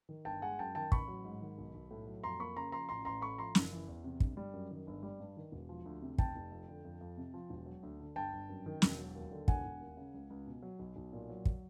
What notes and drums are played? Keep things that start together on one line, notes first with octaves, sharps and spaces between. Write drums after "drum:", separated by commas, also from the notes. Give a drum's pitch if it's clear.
D#3
G1 G5 A5
G#3 F#5 G#5
F#2 G5 A5
D#3 G5 A5
A1 B5 C#6, drum: kick
F#3
G#2
D#3
B1
B1
A2
F#3
F2 A#5 C6
A#3 B5 C#6
C#3 A#5 C6
F3 A#5 C6
A1 A#5 C6
A1 A#5 C6
A2 B5 C#6
F3 A#5 C6
F#1, drum: snare
E3
E2
C3
G1, drum: kick
G3
F#2
D#3
G1
G3
G2
D#3
E1
F3
D2
C3
F1 G5 A5, drum: kick
F1
F2
D3
F2
F2
C3
F3
E1
F#3
D2
D3
G1 G5 A5
G1
F#2
D#3
E1, drum: snare
F#3
D#2
D3
E1 F#5 G#5, drum: kick
E1
D#2
C#3
C#2
C#2
B2
F#3
B1
B1
A#2
F#3
drum: kick